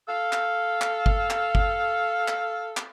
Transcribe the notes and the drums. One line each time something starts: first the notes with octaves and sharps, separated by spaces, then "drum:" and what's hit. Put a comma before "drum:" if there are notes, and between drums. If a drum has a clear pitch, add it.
A4 F5
drum: clap
drum: clap
drum: kick G1
drum: clap
drum: kick G1
drum: clap
drum: clap